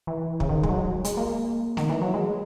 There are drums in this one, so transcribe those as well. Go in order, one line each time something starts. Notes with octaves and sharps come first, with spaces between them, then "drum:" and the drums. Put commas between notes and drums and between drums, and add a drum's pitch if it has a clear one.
E3
C#3, drum: kick
D#3
G#3, drum: kick
F#3
G#3, drum: hi-hat
A#3
D#3, drum: snare A3
E3
F#3
G#3